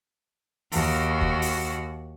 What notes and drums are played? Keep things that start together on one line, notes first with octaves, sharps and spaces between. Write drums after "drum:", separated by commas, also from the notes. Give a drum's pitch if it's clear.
D#2 F#4, drum: open hi-hat
drum: kick
drum: open hi-hat